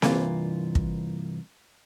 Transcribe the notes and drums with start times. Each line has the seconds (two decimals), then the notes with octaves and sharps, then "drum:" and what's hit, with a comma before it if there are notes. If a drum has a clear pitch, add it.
0.02 C2 G2 E3 A#3 F4, drum: snare C4
0.75 drum: kick